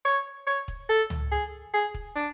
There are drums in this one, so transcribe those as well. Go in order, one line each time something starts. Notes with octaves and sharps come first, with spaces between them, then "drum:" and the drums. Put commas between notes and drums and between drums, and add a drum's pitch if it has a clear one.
C#5
C#5
drum: kick
A4
drum: tom C#2
G#4
G#4
drum: kick
D4